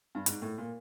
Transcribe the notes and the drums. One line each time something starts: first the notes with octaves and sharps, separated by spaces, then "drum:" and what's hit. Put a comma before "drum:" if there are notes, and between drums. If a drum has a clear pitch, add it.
G2
G#2, drum: hi-hat
A2
A#2